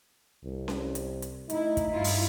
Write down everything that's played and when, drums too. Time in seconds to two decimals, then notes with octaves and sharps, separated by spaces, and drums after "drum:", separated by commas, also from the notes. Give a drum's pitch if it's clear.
0.44 C2
0.68 drum: snare C#4
0.95 drum: hi-hat
1.22 drum: hi-hat
1.50 A2 D#4 E4, drum: hi-hat
1.77 drum: kick, hi-hat
1.92 G2 E4 F4
2.04 drum: open hi-hat